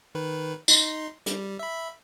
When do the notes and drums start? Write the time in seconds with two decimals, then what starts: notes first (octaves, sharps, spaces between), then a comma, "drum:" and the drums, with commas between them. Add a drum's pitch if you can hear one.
0.15 D#3 B4
0.68 D#4 C6, drum: tambourine
1.26 G3, drum: hi-hat
1.59 E5 B5